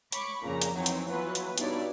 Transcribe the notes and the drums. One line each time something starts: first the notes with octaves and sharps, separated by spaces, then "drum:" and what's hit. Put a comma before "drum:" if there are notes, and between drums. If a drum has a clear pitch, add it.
C#5 B5 C#6 D6, drum: hi-hat
F2 A#2 C#3 F3 A#5
drum: hi-hat
E3 F#3 C4 D#4
drum: hi-hat
E3 F#3 B3 F4 B4
drum: hi-hat
G2 B2 D#4 E4 C#5 D5, drum: hi-hat